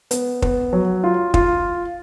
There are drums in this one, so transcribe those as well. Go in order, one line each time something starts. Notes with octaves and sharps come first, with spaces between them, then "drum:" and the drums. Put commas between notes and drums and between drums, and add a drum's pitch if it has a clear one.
B3, drum: hi-hat
B3, drum: kick
F#3
F4
F4, drum: kick